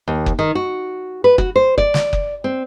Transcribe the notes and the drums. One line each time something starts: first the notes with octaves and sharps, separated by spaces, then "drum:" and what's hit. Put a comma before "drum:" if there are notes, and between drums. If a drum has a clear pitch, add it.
D#2
drum: kick F#1
D#3
F#4
B4
F#4, drum: kick F#1
C5
D5, drum: kick F#1
drum: snare
drum: kick F#1
C4